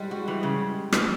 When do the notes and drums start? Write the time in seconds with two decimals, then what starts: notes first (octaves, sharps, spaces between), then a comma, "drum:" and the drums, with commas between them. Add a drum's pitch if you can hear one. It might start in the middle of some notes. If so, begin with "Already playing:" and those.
Already playing: G3 G#3
0.11 F#4
0.28 E3
0.43 C#3
0.92 drum: rim click